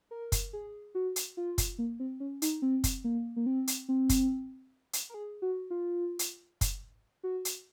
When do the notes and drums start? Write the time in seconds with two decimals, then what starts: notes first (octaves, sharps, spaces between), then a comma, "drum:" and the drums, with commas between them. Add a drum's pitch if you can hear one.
0.11 A#4
0.32 drum: kick, hi-hat
0.53 G#4
0.95 F#4
1.16 drum: hi-hat
1.37 F4
1.58 drum: kick, hi-hat
1.79 A#3
2.00 C4
2.20 C#4
2.42 D#4, drum: hi-hat
2.62 C4
2.84 drum: kick, hi-hat
3.04 A#3
3.36 A#3
3.46 C4
3.67 drum: hi-hat
3.89 C4
4.09 drum: kick, hi-hat
4.93 drum: hi-hat
5.09 A#4
5.14 G#4
5.42 F#4
5.70 F4
6.19 drum: hi-hat
6.61 drum: kick, hi-hat
7.23 F#4
7.45 drum: hi-hat